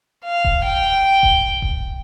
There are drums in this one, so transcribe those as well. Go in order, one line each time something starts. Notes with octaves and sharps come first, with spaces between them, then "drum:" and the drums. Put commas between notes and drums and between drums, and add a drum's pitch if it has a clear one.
F5
drum: kick D#1
G5
drum: kick D#1
drum: kick D#1